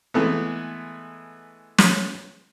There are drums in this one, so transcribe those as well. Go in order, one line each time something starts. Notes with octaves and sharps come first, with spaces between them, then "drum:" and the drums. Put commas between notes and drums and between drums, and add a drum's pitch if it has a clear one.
E3 G#3 A3 B3
drum: snare